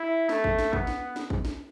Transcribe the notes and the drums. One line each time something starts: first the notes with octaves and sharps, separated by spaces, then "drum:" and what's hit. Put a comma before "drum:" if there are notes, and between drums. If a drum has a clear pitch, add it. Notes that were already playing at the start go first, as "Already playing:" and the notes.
Already playing: E4
A3, drum: snare
drum: kick
drum: snare
B3, drum: kick
drum: snare
drum: snare
drum: kick
drum: snare